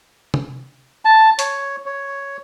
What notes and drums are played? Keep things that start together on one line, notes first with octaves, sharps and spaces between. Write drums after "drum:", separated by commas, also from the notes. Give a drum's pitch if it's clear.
drum: tom C3
A5
C#5, drum: hi-hat
C#5